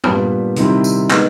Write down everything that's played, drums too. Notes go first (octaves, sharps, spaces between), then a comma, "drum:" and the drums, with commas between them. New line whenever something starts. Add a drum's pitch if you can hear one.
A#2 G3 B3 D4, drum: tom
C3 D#3 G3 C4 E4, drum: hi-hat
drum: tambourine
D#3 G#3 B3 D#4, drum: clap